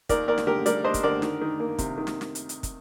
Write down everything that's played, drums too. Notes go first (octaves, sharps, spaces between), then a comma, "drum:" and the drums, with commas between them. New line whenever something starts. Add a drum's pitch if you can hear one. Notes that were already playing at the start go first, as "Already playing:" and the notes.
D#2 A#4 D5, drum: kick, hi-hat
D#2 A#4 D5
drum: snare
D3 G4 A#4
G3 A#4 D5, drum: hi-hat
D4 C5 D#5
drum: kick, hi-hat
D3 A#4 D5
D#3, drum: snare
D#3
A#3
C3, drum: kick, hi-hat
D#3
drum: snare
drum: snare
drum: hi-hat
drum: hi-hat
drum: kick, hi-hat